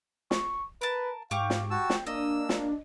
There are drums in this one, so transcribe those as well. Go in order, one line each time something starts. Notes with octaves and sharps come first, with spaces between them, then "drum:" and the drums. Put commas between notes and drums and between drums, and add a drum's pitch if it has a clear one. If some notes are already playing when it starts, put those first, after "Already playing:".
C#6, drum: snare
A#4 B4 A5
G#2 G4 F5 C#6 D6
drum: snare
F#4 G5 A5 E6
drum: snare
A#3 D4 D#5 E6
drum: snare